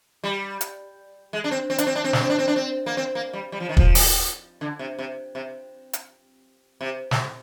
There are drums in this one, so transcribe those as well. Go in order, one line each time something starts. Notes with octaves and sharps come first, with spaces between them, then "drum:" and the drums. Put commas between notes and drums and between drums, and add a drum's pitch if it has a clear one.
G3
drum: hi-hat
G#3
D4
C4
C4
D4, drum: hi-hat
C4
D4
C4
D4, drum: snare
C4
D4
C4
D4
C4
A#3
C4
A#3
G3
G3
F3
D#3
F3, drum: kick
drum: open hi-hat
D3
C3
C3
C3
drum: hi-hat
C3
drum: snare